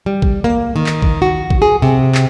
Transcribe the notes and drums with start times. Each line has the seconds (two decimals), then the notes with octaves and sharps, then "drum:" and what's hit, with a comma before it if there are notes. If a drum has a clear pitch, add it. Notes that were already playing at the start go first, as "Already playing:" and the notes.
0.06 G3
0.22 drum: kick A#1
0.44 A#3
0.76 D#3
0.86 drum: clap
1.02 drum: kick A#1
1.22 F#4
1.50 drum: kick A#1
1.62 G#4
1.82 C3
2.15 drum: clap